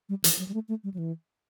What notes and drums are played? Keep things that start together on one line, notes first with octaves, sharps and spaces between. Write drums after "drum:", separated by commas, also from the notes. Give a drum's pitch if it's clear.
G3
E3, drum: hi-hat
F#3
G3
A3
A3
G3
F#3
E3